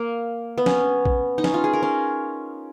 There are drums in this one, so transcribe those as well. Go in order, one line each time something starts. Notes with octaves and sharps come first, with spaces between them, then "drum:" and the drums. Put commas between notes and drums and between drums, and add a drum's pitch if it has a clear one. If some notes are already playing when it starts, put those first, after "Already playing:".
Already playing: A#3
B3
C#4, drum: snare C#4
drum: kick
D#4
C#4, drum: snare C#4
F4
G#4
A#4
C#4